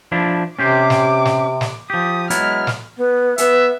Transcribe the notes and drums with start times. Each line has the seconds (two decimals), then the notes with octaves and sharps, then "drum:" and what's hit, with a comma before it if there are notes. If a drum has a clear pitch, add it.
0.12 F3 D4 E4
0.59 C3 C#4 G4 C5 D6
0.90 drum: snare
1.25 drum: snare
1.61 drum: snare
1.90 F3 G4 D#6
2.30 F#3 G#3 B3 E4 F6, drum: hi-hat
2.67 drum: snare
2.97 B3
3.38 B3 E5, drum: hi-hat